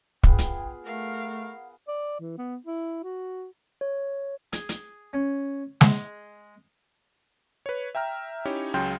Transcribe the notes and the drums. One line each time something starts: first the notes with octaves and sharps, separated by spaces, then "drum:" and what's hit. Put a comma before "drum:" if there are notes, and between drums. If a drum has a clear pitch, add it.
B3 F4 G#4 G5, drum: kick
drum: hi-hat
A3 A#4 F5 F#5
D5
E3
B3
E4
F#4
C#5
G#4, drum: hi-hat
drum: hi-hat
C#4
G#3, drum: snare
B4 C#5
E5 G5 A#5 F6
C#4 D#4 E4 G4 C#5
C#2 C#3 F#3 G5 C6 G6